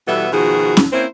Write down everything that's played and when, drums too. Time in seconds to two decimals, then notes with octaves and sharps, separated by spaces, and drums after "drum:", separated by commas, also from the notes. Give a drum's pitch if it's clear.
0.08 B2 E3 G3 B3 A4 E5
0.33 B2 D#3 F3 F#4 G#4
0.77 drum: snare C#4
0.93 A#3 C4 C#4 E4 C5